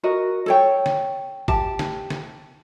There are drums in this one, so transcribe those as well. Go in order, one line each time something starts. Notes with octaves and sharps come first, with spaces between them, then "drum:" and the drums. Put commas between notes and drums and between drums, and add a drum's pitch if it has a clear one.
F#4 A#4 D#5
A4 C#5 G5
drum: snare
G4 A5, drum: kick
drum: snare
drum: snare